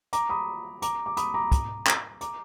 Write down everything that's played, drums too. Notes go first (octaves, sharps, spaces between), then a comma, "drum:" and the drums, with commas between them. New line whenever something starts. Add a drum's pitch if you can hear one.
A#5 D6, drum: hi-hat
B5 D#6
A#5 D6, drum: hi-hat
D6
B5 D#6, drum: hi-hat
A#5 D6
drum: kick, hi-hat
drum: clap
A#5 D6, drum: hi-hat